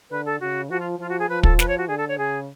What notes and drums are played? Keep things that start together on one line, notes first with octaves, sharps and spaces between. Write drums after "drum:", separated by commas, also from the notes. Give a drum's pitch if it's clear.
D3 B4
A4
C#3 F#4
F3 F#4
F4
F3 F4
F#4
G#4
F3 B4
A4, drum: kick
B4, drum: snare
C#5
F#4
D3 G#4
A4
C#5
C#3 G#4